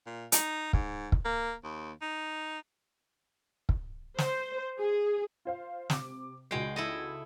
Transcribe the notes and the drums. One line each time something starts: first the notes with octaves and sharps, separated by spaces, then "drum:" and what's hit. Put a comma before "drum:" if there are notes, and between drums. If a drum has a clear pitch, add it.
A#2
D#4, drum: hi-hat
G#2, drum: kick
drum: kick
A#3
D#2
D#4
drum: kick
C5, drum: snare
G#4
F4 C5 F5
C3 D6, drum: snare
C#2 G#3 F#4 G5 C7
E4 A4 D#5